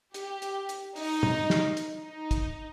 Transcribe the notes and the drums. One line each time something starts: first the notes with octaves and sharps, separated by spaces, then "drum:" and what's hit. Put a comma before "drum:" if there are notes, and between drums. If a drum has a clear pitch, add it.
G4, drum: hi-hat
drum: hi-hat
drum: hi-hat
D#4, drum: open hi-hat
drum: tom
drum: snare
drum: hi-hat
D#4
drum: kick, hi-hat